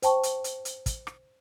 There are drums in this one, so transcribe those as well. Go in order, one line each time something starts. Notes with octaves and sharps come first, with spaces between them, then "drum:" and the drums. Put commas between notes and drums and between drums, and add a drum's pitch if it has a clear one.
C5 G5 A5 C#6, drum: hi-hat
drum: hi-hat
drum: hi-hat
drum: hi-hat
drum: kick, hi-hat
drum: rim click